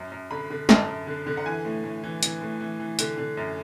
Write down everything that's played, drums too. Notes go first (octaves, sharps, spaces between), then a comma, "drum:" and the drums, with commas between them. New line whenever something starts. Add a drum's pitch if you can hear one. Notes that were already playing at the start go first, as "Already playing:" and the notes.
Already playing: F#2
F#2
D3 B5
D3
F#2 A5, drum: snare
F#2
D3
D3
F#5
E3 G#5
A2
A2
E3
E3, drum: hi-hat
A2
E3
E3
D3, drum: hi-hat
D3
F#2